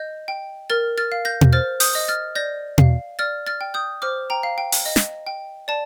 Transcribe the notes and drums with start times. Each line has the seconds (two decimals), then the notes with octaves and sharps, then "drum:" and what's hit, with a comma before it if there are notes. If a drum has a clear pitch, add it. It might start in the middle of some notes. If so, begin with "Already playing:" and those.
Already playing: D#5 G6
0.28 G5
0.70 A#4 F6 A6
0.98 F6 A6
1.12 F5
1.25 G6 A#6
1.41 drum: tom B2
1.53 C5 F6 A6
1.80 D#6 G6, drum: open hi-hat
1.95 D#5
2.08 F6 A6
2.35 D5 G6 A#6
2.78 F5, drum: tom B2
3.19 D5 F6 A6
3.47 F6 A6
3.61 G5
3.74 D#6 G6
4.02 C5 D6 F6
4.30 G5 A#5
4.43 F5
4.58 G5
4.72 drum: open hi-hat
4.86 D#5
4.96 drum: snare
5.27 G5
5.68 D5 A5